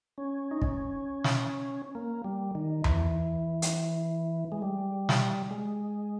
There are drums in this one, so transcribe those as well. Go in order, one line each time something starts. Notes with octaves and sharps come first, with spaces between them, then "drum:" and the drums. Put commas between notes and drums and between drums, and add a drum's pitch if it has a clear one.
C#4
D#4
C#4, drum: kick
drum: snare
A#3
G3
D#3
E3, drum: tom E2
drum: hi-hat
G#3
G3
drum: snare
G#3